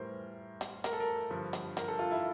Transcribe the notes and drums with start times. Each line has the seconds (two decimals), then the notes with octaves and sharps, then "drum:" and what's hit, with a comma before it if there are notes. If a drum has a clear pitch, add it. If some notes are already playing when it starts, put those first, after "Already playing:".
Already playing: A2 E3 G3 A#4 C5
0.61 drum: hi-hat
0.84 A#4, drum: hi-hat
0.93 A4
1.00 A#4
1.30 G2 D3 F3
1.53 drum: hi-hat
1.77 A#4, drum: hi-hat
1.88 A4
1.99 F4
2.11 E4